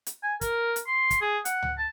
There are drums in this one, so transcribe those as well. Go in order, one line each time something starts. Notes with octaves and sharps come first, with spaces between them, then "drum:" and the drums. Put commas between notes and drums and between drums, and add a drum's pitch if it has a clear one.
drum: hi-hat
G#5
A#4, drum: kick, hi-hat
drum: hi-hat
C6
drum: kick, hi-hat
G#4
F#5, drum: hi-hat
drum: tom C#2
A5